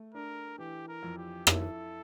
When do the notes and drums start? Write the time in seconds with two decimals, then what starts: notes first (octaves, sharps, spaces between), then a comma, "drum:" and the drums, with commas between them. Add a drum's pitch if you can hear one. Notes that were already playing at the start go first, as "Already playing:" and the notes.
Already playing: A3
0.14 D4 A#4
0.58 E3 G4
0.88 A#4
1.03 F2
1.17 G4
1.47 E4 A4, drum: rim click